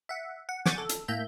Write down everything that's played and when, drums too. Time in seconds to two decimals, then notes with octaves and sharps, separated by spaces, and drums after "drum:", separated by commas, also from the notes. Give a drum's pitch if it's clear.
0.09 E5 F#5
0.49 F#5
0.66 F#5 G#5 C#6 D6 G6 A6, drum: snare
0.78 A4
0.89 drum: hi-hat
1.08 A2 A#3 E5 G6